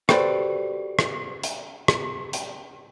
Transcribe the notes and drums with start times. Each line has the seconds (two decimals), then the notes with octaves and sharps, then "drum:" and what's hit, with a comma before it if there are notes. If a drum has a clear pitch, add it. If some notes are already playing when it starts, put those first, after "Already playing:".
0.09 F#4 G4 A4 B4 C5 D5, drum: rim click
0.99 drum: rim click
1.43 drum: hi-hat
1.88 drum: rim click
2.33 drum: hi-hat